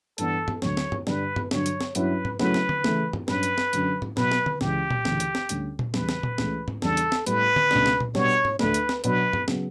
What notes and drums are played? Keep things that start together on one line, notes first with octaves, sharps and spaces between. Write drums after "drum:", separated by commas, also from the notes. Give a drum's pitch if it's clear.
G2 E3 B3 D4 A4, drum: hi-hat
drum: tom G2
D2 D3 F#3 C#5, drum: snare
drum: snare
drum: tom G2
G2 D3 G3 D4 B4, drum: snare
drum: tom G2
G2 D3 F#3 C#5, drum: snare
drum: hi-hat
drum: snare
G2 F#3 C#4 E4 B4, drum: hi-hat
drum: tom G#2
C#3 F#3 A3 C#4 E4 B4, drum: snare
drum: snare
drum: tom D3
C#3 E3 A3, drum: snare
drum: tom G2
G2 F#3 C#4 B4, drum: snare
drum: hi-hat
drum: snare
F#2 D3 F#3, drum: hi-hat
drum: tom G#2
B2 F#3 B3 B4, drum: snare
drum: snare
drum: tom D3
C#2 C#3 E3 G4, drum: snare
drum: tom A#2
D2 C#3 E3, drum: snare
drum: hi-hat
drum: snare
D2 D3 G3 C#4, drum: hi-hat
drum: tom A#2
E2 C#3 G3 B4, drum: snare
drum: snare
drum: tom A#2
C#2 C#3 E3 A3, drum: snare
drum: tom G#2
E2 C#3 G3 D4 A4, drum: snare
drum: hi-hat
drum: snare
A2 G3 B3 E4 B4, drum: hi-hat
drum: tom D3
C#2 B2 A3 D4, drum: snare
drum: snare
drum: tom A#2
B2 G3 B3 D4 C#5, drum: snare
drum: tom G#2
D2 D3 A3 D4 B4, drum: snare
drum: hi-hat
drum: snare
B2 F#3 B3 D4 B4, drum: hi-hat
drum: tom G2
C#3 F#3 B3, drum: snare